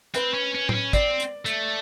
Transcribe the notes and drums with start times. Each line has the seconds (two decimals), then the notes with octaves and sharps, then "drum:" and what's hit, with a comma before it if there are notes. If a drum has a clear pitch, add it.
0.14 C4 B4, drum: hi-hat
0.34 C#4
0.54 C#4
0.69 C4, drum: tom A2
0.74 C#4
0.93 C4 D5, drum: kick, hi-hat
1.20 drum: hi-hat
1.46 A3, drum: hi-hat